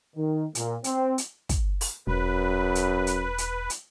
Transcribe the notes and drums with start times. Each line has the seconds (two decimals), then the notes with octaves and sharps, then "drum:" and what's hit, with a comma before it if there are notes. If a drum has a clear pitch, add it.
0.16 D#3
0.55 A#2, drum: hi-hat
0.84 C4, drum: hi-hat
1.18 drum: hi-hat
1.49 drum: kick, hi-hat
1.81 drum: open hi-hat
2.07 E1 F#2 B4
2.75 drum: hi-hat
3.07 drum: hi-hat
3.38 drum: hi-hat
3.70 drum: hi-hat